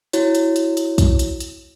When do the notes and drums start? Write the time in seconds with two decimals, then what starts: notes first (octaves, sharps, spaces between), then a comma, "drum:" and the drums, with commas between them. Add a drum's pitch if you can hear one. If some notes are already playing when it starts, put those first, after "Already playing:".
0.13 E4 F#4 C#5, drum: hi-hat
0.35 drum: hi-hat
0.56 drum: hi-hat
0.77 drum: hi-hat
0.98 drum: kick, hi-hat
1.19 drum: hi-hat
1.40 drum: hi-hat